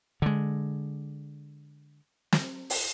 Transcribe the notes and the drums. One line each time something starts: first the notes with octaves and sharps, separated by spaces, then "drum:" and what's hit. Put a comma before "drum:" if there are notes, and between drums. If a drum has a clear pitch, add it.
D3 G#3
drum: snare
drum: open hi-hat